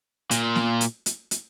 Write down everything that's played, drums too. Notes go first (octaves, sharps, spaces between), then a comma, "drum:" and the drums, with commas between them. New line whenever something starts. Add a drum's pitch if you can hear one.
A#2, drum: hi-hat
drum: snare
drum: hi-hat
drum: hi-hat
drum: hi-hat